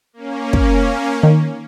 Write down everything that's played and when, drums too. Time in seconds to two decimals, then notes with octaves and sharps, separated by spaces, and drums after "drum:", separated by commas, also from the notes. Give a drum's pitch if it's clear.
0.13 A#3 C#4
0.53 drum: kick
1.23 D#3